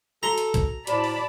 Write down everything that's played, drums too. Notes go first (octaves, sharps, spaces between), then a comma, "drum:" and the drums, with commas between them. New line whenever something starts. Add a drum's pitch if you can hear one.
F#4 A4 A#5 G7
drum: hi-hat
drum: kick, hi-hat
A2 F#4 C5 D5 A5 B5, drum: hi-hat
drum: open hi-hat